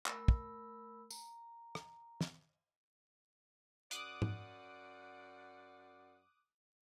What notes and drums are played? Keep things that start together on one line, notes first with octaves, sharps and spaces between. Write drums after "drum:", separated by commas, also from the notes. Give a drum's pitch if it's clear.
A3 A#4 B5 E6, drum: clap
drum: kick
A#5, drum: tambourine
drum: rim click
drum: snare
F#2 D5 F#5 D6 D#6 F#6, drum: hi-hat
drum: tom G#2